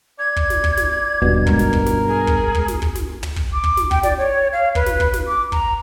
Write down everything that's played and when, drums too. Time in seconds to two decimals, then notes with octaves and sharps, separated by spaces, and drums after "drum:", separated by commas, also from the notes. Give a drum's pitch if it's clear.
0.19 D5 G#6
0.36 drum: kick
0.50 drum: snare
0.64 drum: kick
0.77 drum: snare
1.22 D#1 G2 B2
1.47 G3 G#3 A#4, drum: kick
1.59 drum: snare
1.73 drum: kick
1.86 drum: snare
2.08 G#4
2.27 drum: kick
2.55 drum: kick
2.68 drum: snare
2.82 drum: kick
2.95 drum: snare
3.23 drum: tom
3.36 drum: kick
3.53 D6
3.64 drum: kick
3.77 drum: snare
3.91 G5, drum: kick
4.03 D5, drum: snare
4.18 C#5
4.53 F5
4.75 B4, drum: kick
4.86 drum: snare
5.00 drum: kick
5.13 drum: snare
5.27 D6
5.52 A#5, drum: kick